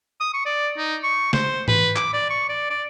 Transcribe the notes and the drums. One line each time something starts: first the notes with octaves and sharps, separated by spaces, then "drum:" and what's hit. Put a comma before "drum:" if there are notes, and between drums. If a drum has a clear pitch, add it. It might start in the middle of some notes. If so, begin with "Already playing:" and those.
D#6
C#6
D5
D#4
C#6
C5, drum: snare
B4, drum: tom G#2
D6, drum: clap
D5
C#6
D5
D5